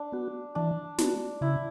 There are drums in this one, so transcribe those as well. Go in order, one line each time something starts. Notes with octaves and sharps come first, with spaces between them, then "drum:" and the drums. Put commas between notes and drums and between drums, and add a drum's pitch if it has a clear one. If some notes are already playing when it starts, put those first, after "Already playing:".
Already playing: D4
B3 F#4
E3 D4
B3 F#4, drum: snare
C#3 E4